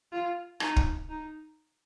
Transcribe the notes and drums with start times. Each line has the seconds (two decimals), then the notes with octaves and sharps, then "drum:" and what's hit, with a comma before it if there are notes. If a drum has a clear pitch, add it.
0.12 F4
0.60 D#4, drum: rim click
0.76 drum: kick
1.09 D#4